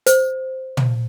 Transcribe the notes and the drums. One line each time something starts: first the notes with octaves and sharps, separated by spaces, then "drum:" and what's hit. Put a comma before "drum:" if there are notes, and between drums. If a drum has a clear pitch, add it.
C5, drum: hi-hat
drum: tom